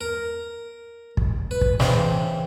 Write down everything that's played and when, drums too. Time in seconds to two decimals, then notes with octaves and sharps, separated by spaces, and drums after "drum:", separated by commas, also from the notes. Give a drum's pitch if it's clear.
0.01 A#4
1.17 drum: kick
1.51 B4
1.61 drum: kick
1.80 C#3 E3 C4, drum: snare